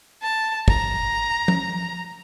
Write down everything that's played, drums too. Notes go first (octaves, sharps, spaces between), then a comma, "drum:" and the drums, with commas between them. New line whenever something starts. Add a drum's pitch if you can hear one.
A5
A#5, drum: kick
drum: tom F3